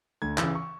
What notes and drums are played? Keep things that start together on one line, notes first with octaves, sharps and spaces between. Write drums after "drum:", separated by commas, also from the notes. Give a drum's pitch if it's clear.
D2 G#6
C#3 E3 E6, drum: clap
C#6